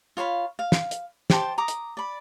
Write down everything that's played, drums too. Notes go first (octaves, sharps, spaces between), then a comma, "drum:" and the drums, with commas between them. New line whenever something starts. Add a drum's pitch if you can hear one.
F4 C#5 F5 B5
F5
drum: snare
drum: hi-hat
G4 C5 A5, drum: snare
A#5 D6 D#6
drum: hi-hat
D5 B5